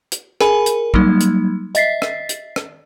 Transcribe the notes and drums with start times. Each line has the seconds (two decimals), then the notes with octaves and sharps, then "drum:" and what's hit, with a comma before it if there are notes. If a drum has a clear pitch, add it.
0.12 drum: hi-hat
0.41 G#4 A#4 G#5 B5, drum: rim click
0.66 drum: hi-hat
0.94 F#3 G3 A#3 D#4, drum: kick
1.20 drum: hi-hat
1.75 D#5 E5 A6 B6 C7, drum: hi-hat
2.02 drum: rim click
2.29 drum: hi-hat
2.56 drum: rim click